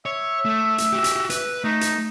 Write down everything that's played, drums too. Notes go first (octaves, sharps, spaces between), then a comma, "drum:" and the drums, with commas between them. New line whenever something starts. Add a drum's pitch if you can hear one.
C#5 E5
A3
drum: hi-hat
F#4 G4
drum: hi-hat
B4, drum: hi-hat
A3 D#4
drum: hi-hat